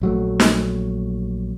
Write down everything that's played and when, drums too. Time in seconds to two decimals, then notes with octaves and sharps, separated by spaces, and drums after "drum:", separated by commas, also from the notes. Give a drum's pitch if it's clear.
0.01 A#1 F#3 A3
0.40 drum: snare